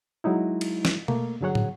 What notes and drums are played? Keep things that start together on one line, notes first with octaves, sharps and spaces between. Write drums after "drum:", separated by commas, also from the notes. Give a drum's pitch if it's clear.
F#3 G#3 D#4 E4
drum: cymbal
drum: snare
A3 A#3, drum: tom B2
G2 D3 F#3 G#4 C#5 F#5
drum: tom